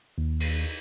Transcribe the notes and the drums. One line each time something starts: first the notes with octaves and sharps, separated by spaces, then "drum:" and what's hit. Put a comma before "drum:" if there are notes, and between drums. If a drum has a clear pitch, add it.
D#2
drum: cymbal